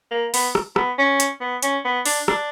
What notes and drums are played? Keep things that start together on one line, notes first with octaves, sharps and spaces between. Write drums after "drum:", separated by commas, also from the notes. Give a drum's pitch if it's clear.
A#3
B3, drum: open hi-hat
drum: rim click
B3, drum: rim click
C#4
drum: hi-hat
B3
C#4, drum: hi-hat
B3
D4, drum: open hi-hat
D4, drum: rim click